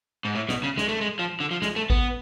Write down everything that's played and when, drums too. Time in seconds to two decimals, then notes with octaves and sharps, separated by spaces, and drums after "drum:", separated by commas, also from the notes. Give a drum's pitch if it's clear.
0.25 G#2
0.35 A2
0.49 B2, drum: snare
0.63 C#3
0.77 G#3, drum: snare
0.89 A3
1.01 G#3
1.19 F3
1.40 D3
1.51 F3
1.62 G#3, drum: snare
1.76 A3
1.90 B3, drum: kick G#1